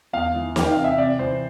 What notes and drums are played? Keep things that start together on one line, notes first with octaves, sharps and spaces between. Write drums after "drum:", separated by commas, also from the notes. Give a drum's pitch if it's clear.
E2 F5
E3
E3 G5, drum: snare
C3 F5
E5
C3 D5
E3 C5